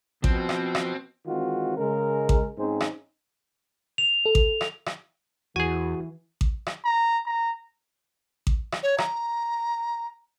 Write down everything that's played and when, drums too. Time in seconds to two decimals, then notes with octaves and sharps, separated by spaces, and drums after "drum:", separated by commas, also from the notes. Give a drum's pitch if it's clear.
0.24 B2 F3 C4, drum: kick A1
0.49 drum: rim click
0.75 drum: rim click
1.26 D#3 E3 G#3 C4 F4 F#4
1.78 C#3 G#3 A#4
2.29 drum: kick A1
2.58 G#2 C4 C#4 D#4 G#4 C5
2.81 drum: rim click
3.98 F7
4.26 A4
4.35 drum: kick A1
4.61 drum: rim click
4.86 drum: rim click
5.56 E2 E3 F#4 G#4 G#5
6.41 drum: kick A1
6.67 drum: rim click
6.85 A#5
7.27 A#5
8.47 drum: kick A1
8.72 drum: rim click
8.83 C#5
8.98 A#5, drum: rim click